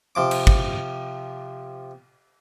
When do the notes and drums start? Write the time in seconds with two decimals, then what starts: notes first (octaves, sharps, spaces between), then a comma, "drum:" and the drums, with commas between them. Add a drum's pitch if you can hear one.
0.15 C3 F3 D6
0.31 drum: cymbal
0.47 drum: kick